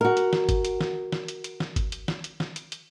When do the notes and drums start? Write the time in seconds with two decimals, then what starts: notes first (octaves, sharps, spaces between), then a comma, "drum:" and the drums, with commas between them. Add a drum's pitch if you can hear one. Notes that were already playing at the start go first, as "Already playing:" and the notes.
0.01 F#4 A#4
0.17 drum: hi-hat
0.33 drum: snare
0.49 drum: kick G1, hi-hat
0.65 drum: hi-hat
0.81 drum: snare
1.12 drum: snare
1.28 drum: hi-hat
1.44 drum: hi-hat
1.60 drum: snare
1.76 drum: kick G1, hi-hat
1.92 drum: hi-hat
2.08 drum: snare
2.24 drum: hi-hat
2.40 drum: snare
2.56 drum: hi-hat
2.72 drum: hi-hat